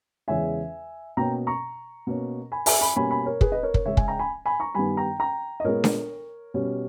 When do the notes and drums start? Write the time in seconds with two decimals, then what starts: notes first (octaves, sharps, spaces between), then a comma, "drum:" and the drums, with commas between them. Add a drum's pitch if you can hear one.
0.28 E2 C#3 G#3 C#4 E5 G#5
1.17 B2 A#3 C#4 G5 A#5
1.47 A#5 C#6
2.07 B2 A#3 C#4
2.52 G#5 B5
2.66 E5 G#5, drum: open hi-hat
2.81 G#5 B5
2.96 B2 G3 A#3 C#4 G#5 B5
3.11 G#5 B5
3.26 A#4 C#5
3.41 G#4 B4, drum: kick
3.52 B4 D#5
3.63 A#4 C#5
3.74 A#4 C#5, drum: kick
3.85 C#3 G#3 C#4 C#5 E5
3.97 E5 G#5, drum: kick
4.08 G5 A#5
4.19 G#5 B5
4.46 G#5 B5
4.60 A#5 C#6
4.75 G2 D#3 G3 B3 G#5 B5
4.97 G5 A#5
5.20 G5 A#5
5.60 D#5
5.64 A#2 G#3 B3 A#4 C#5
5.84 drum: snare D4
6.54 B2 G3 C#4